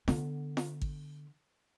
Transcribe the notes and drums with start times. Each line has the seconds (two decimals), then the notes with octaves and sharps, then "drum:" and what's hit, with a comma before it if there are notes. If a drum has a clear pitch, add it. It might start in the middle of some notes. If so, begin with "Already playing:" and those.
0.08 D3 B3, drum: snare
0.57 drum: snare
0.82 drum: kick G#1